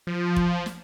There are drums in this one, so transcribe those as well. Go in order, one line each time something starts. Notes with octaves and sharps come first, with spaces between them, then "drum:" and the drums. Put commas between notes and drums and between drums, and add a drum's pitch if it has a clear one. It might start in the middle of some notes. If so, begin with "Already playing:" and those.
F3
drum: kick
drum: snare